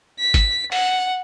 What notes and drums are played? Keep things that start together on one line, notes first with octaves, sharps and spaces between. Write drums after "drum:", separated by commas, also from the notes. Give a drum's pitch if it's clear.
B6
drum: kick G#1, hi-hat
F#5, drum: open hi-hat